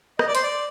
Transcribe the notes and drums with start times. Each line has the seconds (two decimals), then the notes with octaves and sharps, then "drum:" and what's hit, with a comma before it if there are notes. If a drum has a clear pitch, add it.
0.19 D#5, drum: rim click
0.28 D5
0.35 C5, drum: hi-hat
0.43 D5